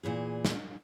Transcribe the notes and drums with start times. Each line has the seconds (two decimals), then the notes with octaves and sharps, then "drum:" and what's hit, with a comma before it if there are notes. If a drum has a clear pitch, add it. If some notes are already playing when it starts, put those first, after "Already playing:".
0.03 E2 A#2 E3 G#4
0.45 drum: snare